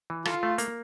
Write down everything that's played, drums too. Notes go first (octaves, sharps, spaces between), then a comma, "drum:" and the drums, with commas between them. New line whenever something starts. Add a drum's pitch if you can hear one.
E3
F4 A4, drum: rim click
A3
A#3, drum: hi-hat